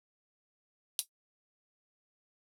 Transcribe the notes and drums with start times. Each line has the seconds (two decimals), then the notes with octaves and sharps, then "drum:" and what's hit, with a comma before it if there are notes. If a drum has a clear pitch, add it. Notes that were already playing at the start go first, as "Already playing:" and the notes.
Already playing: F#4 A4
0.24 A2 G#3
0.62 A2 G#3 F4
0.99 D3 F3 G#3 F#4, drum: hi-hat
1.37 D3 F3 G#3
1.74 D3 F3 G#3
2.11 D3 F3 G#3 F#4